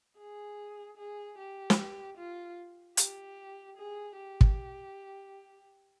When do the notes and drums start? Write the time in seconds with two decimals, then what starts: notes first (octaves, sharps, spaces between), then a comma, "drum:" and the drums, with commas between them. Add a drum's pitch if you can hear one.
0.18 G#4
0.97 G#4
1.38 G4
1.70 drum: snare
2.17 F4
2.97 G4, drum: hi-hat
3.77 G#4
4.17 G4
4.41 drum: kick